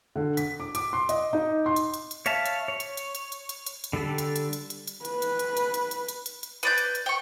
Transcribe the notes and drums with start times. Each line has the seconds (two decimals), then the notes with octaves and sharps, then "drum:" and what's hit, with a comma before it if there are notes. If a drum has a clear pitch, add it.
0.16 D3
0.37 B6, drum: hi-hat
0.60 D6
0.75 D6, drum: hi-hat
0.93 C6
1.09 D#5, drum: hi-hat
1.33 D#4
1.66 C6
1.76 drum: hi-hat
1.94 drum: hi-hat
2.11 drum: hi-hat
2.26 C#5 E5 F5 A5, drum: hi-hat
2.45 drum: hi-hat
2.68 C#5
2.80 drum: hi-hat
2.97 drum: hi-hat
3.15 drum: hi-hat
3.32 drum: hi-hat
3.49 drum: hi-hat
3.67 drum: hi-hat
3.84 drum: hi-hat
3.93 D3 G3 A4
4.18 drum: hi-hat
4.36 drum: hi-hat
4.53 drum: hi-hat
4.70 drum: hi-hat
4.88 drum: hi-hat
5.05 B4, drum: hi-hat
5.22 drum: hi-hat
5.39 drum: hi-hat
5.57 drum: hi-hat
5.74 drum: hi-hat
5.91 drum: hi-hat
6.09 drum: hi-hat
6.26 drum: hi-hat
6.43 drum: hi-hat
6.63 B4 D5 G6, drum: hi-hat
6.78 drum: hi-hat
6.95 drum: hi-hat
7.06 G5 C#6